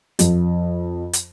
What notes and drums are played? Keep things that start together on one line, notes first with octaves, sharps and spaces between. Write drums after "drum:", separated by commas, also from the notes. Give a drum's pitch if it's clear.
F2, drum: hi-hat
drum: hi-hat